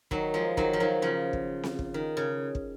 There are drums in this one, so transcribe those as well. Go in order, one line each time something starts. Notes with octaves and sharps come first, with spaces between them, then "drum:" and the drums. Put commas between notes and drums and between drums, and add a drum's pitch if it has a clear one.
D#3 F#3, drum: kick
F3 G#3
D#3 F#3, drum: kick
F3
D#3 F#3
C#3 F3
drum: kick
drum: snare C4
drum: kick
D#3
C#3
drum: kick